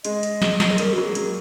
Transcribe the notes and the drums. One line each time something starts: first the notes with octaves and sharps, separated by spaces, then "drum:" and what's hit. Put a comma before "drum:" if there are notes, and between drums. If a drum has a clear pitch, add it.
G#3 D#5, drum: hi-hat
drum: hi-hat
G#3, drum: snare
drum: snare
G#4
F#3 A#3 A#4, drum: hi-hat
F#3 A#3 F#4
G#4
F#3 A#3, drum: hi-hat